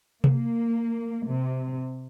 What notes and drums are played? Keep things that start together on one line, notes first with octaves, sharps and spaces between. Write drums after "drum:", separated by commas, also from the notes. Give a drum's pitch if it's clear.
A#3, drum: tom C3
C3